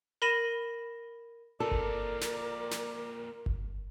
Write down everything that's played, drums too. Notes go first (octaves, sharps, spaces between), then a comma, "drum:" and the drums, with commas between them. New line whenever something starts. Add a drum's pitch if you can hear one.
A#4 B5 A#6 D#7 E7
A#2 C4 A4 A#4 D5
drum: kick G1
drum: snare
drum: snare
drum: kick G1